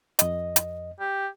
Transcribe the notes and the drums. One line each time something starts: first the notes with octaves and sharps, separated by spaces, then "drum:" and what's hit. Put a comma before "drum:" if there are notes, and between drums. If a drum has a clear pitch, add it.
F2 D#5, drum: hi-hat
drum: hi-hat
G4